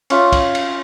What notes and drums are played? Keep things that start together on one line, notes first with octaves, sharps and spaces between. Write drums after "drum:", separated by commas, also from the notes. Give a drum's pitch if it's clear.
C#4 F4 E5 F5, drum: cymbal
drum: kick, cymbal
drum: cymbal